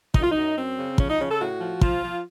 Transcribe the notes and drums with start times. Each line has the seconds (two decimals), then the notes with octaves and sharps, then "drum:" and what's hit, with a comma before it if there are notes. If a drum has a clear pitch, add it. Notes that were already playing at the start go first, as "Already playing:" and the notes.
0.14 F#2 D#4, drum: kick
0.23 F4
0.31 F#2 D#4
0.56 F#2 C4
0.78 C#3
0.98 F3 C#4, drum: kick
1.09 D#4
1.19 C#3 C#4
1.30 A4
1.39 A2 F#4
1.61 F3
1.81 F3 F4, drum: kick
2.02 F3